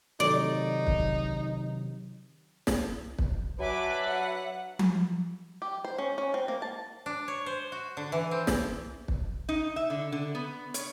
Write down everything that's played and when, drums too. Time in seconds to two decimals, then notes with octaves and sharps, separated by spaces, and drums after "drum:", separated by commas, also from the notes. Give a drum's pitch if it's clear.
0.20 C3 D#3 F#3 D#4 D5
0.87 drum: kick
2.67 drum: snare
3.19 drum: kick
3.59 F#3 D4 B4 E5 G#5 D6
4.07 F#3 F#5
4.79 drum: tom F3
5.62 G4
5.85 C5
5.98 C#4
6.18 C#4
6.34 C4
6.48 A#3
6.62 A5
7.06 D4
7.28 C#5
7.46 C5
7.72 F#4
7.97 D3
8.12 E3
8.31 C4
8.47 drum: snare
9.08 drum: kick
9.49 D#4
9.76 E5
9.90 D3
10.12 D3
10.35 B3
10.74 C#5, drum: hi-hat